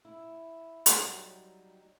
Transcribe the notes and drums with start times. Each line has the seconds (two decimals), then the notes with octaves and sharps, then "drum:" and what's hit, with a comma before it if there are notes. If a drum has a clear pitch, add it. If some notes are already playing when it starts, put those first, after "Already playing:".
0.05 E4
0.86 F#3 G3 D#4, drum: hi-hat